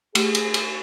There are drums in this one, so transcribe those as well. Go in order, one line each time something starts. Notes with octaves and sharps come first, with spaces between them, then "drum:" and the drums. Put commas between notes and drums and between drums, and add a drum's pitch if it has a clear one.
A3 G4 G#4, drum: cymbal
drum: cymbal
drum: cymbal